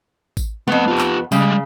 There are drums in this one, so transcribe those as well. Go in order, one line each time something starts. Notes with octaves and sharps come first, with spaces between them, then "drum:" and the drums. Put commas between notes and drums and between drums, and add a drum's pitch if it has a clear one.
drum: kick A1, tambourine
F2 A3 B3 F#5
F4 G4
drum: clap
C#3 G3 G#3, drum: tambourine